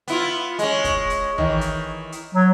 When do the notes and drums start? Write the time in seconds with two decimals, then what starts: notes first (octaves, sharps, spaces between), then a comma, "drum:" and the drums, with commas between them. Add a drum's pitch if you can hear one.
0.08 B3 E4 F4, drum: hi-hat
0.59 G#3 C#4, drum: hi-hat
0.84 drum: kick, hi-hat
1.10 drum: hi-hat
1.38 D#3 E3, drum: tom
1.61 drum: hi-hat
2.12 drum: hi-hat
2.35 F#3